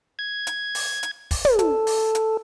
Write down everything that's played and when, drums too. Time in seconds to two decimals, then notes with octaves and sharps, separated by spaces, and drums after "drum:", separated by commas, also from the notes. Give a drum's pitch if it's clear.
0.19 G#6
0.47 drum: hi-hat
0.75 drum: open hi-hat
1.03 drum: hi-hat
1.31 drum: kick, open hi-hat
1.45 drum: tom
1.59 A4, drum: hi-hat
1.87 drum: open hi-hat
2.15 drum: hi-hat